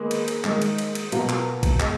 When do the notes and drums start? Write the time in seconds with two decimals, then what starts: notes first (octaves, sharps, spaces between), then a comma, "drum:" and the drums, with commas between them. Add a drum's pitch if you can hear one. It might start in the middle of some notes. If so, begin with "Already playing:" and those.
Already playing: D#3 G#3 A#3 G#4 B4
0.11 drum: cymbal
0.28 drum: cymbal
0.44 D#3 G#3 A#3 D#4, drum: clap
0.62 drum: cymbal
0.78 drum: cymbal
0.95 drum: cymbal
1.12 B2 F#3 A#3 F4 A#4, drum: cymbal
1.29 drum: clap
1.63 drum: kick A#1, cymbal
1.80 B2 G#3, drum: clap